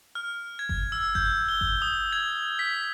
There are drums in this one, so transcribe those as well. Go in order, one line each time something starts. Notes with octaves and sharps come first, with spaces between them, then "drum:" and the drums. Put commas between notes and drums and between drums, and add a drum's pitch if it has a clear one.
F6
G#6
drum: kick G1
E6
G6, drum: kick G1
G7
drum: kick G1
D#6
G#6
B6